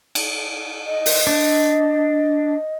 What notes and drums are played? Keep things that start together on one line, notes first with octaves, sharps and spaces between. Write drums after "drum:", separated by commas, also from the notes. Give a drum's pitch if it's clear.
drum: cymbal
D#5
drum: open hi-hat
D4